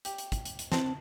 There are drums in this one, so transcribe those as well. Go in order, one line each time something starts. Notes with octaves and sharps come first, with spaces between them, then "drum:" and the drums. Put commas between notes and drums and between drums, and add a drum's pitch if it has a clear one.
G4, drum: hi-hat
drum: hi-hat
drum: kick, hi-hat
drum: hi-hat
drum: hi-hat
C4 A5, drum: snare